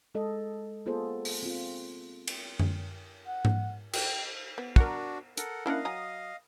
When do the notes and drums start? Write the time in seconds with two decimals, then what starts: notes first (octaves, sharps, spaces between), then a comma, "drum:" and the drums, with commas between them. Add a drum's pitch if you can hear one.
0.15 G#3 A4 D#5
0.86 A#3 B3 F4 G#4 A4 C5
1.25 drum: open hi-hat
1.43 C4 F4
2.28 drum: cymbal
2.59 drum: tom F#2
3.27 F#5
3.45 drum: tom G#2
3.93 G5, drum: cymbal
4.58 B3
4.76 D4 F#4 A#4 F#5, drum: kick
5.37 A4 A#4 F#5, drum: hi-hat
5.66 A#3 C#4 D4 E4 A#4 D#5 F5 F#5
5.85 F#3 G#5 A#5 D#6